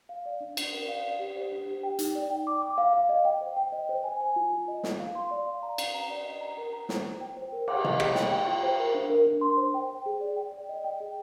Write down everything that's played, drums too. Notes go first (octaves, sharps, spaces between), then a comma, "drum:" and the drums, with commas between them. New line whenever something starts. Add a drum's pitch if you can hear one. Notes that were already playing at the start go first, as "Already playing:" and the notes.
F5
D5
D4
D5, drum: cymbal
A#4
F5
D5
G4
C5
D4
G4
G5
D#4, drum: hi-hat
D5
G5
D6
D6
F5
F5
D#5
G5
C5
G5
D#5
C5
G#5
G#5
F4
F4
D#5
F4, drum: snare
F5
C6
D5
F5
A#5
F5, drum: cymbal
A#5
D5
D#5
A#5
A#4
A#5
C5, drum: snare
F4
G5
C5
A#4
D6, drum: cymbal
D#5, drum: tom C3
D#5, drum: rim click
G5, drum: snare
G5
F4
C5
A#4
D4
A#4
D4
C6
C5
G5
C5
G#4
D5
G5
D5
D#5
G5
G#4